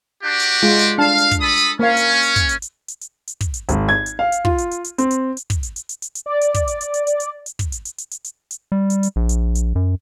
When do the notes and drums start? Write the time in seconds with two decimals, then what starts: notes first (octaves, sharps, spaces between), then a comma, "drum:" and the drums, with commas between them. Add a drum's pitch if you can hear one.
0.24 D4 F#4 G4
0.40 drum: hi-hat
0.63 G#3 F4
0.79 drum: hi-hat
0.98 D4 F5 A5
1.18 drum: hi-hat
1.31 drum: kick, hi-hat
1.40 A4 B5 D#6
1.57 drum: hi-hat
1.79 A#3 C#4 F5
1.97 drum: hi-hat
2.23 drum: hi-hat
2.36 drum: kick, hi-hat
2.49 drum: hi-hat
2.62 drum: hi-hat
2.88 drum: hi-hat
3.01 drum: hi-hat
3.27 drum: hi-hat
3.41 drum: kick, hi-hat
3.54 drum: hi-hat
3.69 G#1, drum: hi-hat
3.89 G#6
4.06 drum: hi-hat
4.19 F5
4.32 drum: hi-hat
4.45 F4, drum: kick
4.58 drum: hi-hat
4.71 drum: hi-hat
4.84 drum: hi-hat
4.98 C4, drum: hi-hat
5.11 drum: hi-hat
5.37 drum: hi-hat
5.50 drum: kick, hi-hat
5.63 drum: hi-hat
5.76 drum: hi-hat
5.89 drum: hi-hat
6.02 drum: hi-hat
6.15 drum: hi-hat
6.26 D5
6.41 drum: hi-hat
6.54 drum: kick, hi-hat
6.68 drum: hi-hat
6.81 drum: hi-hat
6.94 drum: hi-hat
7.07 drum: hi-hat
7.20 drum: hi-hat
7.46 drum: hi-hat
7.59 drum: kick, hi-hat
7.72 drum: hi-hat
7.85 drum: hi-hat
7.98 drum: hi-hat
8.11 drum: hi-hat
8.24 drum: hi-hat
8.51 drum: hi-hat
8.72 G3
8.90 drum: hi-hat
9.03 drum: hi-hat
9.16 A#1
9.29 drum: hi-hat
9.55 drum: hi-hat
9.75 F#2